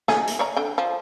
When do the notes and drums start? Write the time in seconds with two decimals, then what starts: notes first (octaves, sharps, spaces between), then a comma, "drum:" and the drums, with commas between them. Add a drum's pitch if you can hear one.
0.08 A3 D#4 G#4, drum: snare
0.27 drum: hi-hat
0.39 C#5 D5 A#5
0.56 D3 G5
0.78 F3